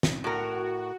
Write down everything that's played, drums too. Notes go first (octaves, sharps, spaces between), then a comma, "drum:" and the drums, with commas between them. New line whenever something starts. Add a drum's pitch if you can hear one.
drum: snare
A2 F#4 A#4